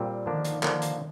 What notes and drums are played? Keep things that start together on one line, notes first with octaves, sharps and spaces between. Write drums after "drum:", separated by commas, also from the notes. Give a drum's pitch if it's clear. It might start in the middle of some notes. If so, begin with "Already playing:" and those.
Already playing: A#2 G3 C4
D3 D#3 F3 A#3 D4
drum: hi-hat
D3 F3 A#3 D4, drum: clap
drum: hi-hat